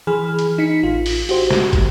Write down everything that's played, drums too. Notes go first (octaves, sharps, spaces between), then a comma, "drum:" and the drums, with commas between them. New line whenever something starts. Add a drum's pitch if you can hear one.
E3 G#4 G#5 B5 F6
drum: hi-hat
D#4 B6 C#7
A1 F4
drum: open hi-hat
F#4 G4 C5, drum: open hi-hat
drum: snare
drum: kick, hi-hat